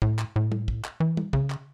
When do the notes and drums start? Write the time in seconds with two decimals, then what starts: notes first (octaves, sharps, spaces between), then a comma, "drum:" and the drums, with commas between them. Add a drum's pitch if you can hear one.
0.02 A2, drum: kick
0.19 drum: clap
0.36 A2
0.52 drum: tom
0.68 drum: kick
0.84 drum: clap
1.00 E3
1.17 drum: tom
1.33 C#3, drum: kick
1.50 drum: clap